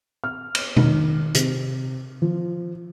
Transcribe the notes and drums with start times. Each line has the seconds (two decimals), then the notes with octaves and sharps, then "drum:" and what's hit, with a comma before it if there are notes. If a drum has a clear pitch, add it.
0.24 F6
0.55 drum: cymbal
0.77 D#3, drum: tom B2
1.34 C3, drum: hi-hat
2.22 F3